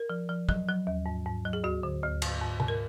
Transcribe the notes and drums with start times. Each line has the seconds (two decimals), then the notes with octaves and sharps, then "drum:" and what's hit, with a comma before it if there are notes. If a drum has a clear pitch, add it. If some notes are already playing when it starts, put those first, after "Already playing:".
Already playing: A#4
0.10 F3
0.29 F3
0.49 F#3, drum: kick
0.68 F#3
0.87 D#2
1.06 G#2
1.26 G#2
1.45 F#3
1.53 G#4
1.64 D2 F#4
1.83 D3
2.03 D2
2.22 G#2, drum: cymbal
2.41 G#2
2.60 G#2, drum: tom C3
2.68 A#4